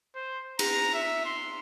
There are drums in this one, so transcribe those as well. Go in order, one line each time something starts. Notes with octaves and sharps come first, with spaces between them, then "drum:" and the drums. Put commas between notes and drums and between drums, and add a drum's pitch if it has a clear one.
C5
A#5, drum: cymbal
E5
C6